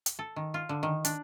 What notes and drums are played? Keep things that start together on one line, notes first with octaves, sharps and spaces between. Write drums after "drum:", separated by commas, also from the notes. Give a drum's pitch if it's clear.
drum: hi-hat
A4
D#3
F4
D3
D#3
D4, drum: hi-hat